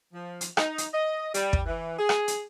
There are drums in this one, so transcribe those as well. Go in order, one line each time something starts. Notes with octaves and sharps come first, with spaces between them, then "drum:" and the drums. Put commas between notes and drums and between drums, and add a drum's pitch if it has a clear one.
F3
drum: hi-hat
D#4, drum: rim click
drum: hi-hat
D#5
G3, drum: hi-hat
drum: kick
E3
G#4
drum: rim click
drum: hi-hat